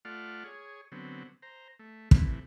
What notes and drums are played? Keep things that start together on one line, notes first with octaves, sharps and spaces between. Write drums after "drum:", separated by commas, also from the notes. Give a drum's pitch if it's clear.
A3 F4 D5 F#5 F6
G#4 C#5
D3 F#3 B3 C4
C5 A#5
A3
A2 C3 E3, drum: kick